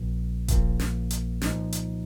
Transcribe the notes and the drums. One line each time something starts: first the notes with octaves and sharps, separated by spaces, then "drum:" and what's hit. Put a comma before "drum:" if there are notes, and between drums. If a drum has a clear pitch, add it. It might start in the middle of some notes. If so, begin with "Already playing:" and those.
Already playing: A#1 A#2 F3 A#3
A#1 A#2 F3 A#3, drum: kick D#1, hi-hat
drum: snare
drum: hi-hat
C2 A#2 F3 D#4, drum: snare
drum: hi-hat